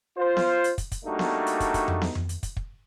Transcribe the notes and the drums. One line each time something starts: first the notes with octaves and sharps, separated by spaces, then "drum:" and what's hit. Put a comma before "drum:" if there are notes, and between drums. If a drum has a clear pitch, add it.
F4 C5
drum: snare B3
drum: hi-hat
drum: kick, hi-hat
drum: kick, hi-hat
G3 A3 A#3 D4 D#4 F#4
drum: snare B3
drum: hi-hat
drum: kick, hi-hat
drum: kick, hi-hat
drum: tom F2
drum: snare B3
drum: tom F2
drum: hi-hat
drum: kick, hi-hat
drum: kick